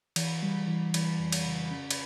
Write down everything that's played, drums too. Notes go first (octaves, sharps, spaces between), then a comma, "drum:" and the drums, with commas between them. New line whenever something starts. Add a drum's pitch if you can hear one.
E3, drum: cymbal
G3
E3
E3, drum: cymbal
F2
drum: cymbal
C#3
C#4
drum: cymbal